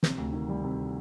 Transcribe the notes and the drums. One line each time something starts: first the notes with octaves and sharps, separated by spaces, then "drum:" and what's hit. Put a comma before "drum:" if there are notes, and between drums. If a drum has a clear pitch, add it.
C3, drum: snare
D2
D#3
G3
C3